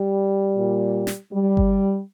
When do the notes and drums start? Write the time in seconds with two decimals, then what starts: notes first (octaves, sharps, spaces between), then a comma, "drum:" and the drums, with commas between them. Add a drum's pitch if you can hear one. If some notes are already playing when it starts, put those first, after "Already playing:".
Already playing: G3
0.56 A#2
1.07 drum: snare
1.32 G3
1.57 drum: kick G1